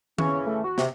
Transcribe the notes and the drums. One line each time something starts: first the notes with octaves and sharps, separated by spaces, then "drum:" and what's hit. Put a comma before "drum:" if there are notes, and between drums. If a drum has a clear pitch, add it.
C#3 E3 C#4 C#5, drum: tom D#3
A3
F#4
C3, drum: snare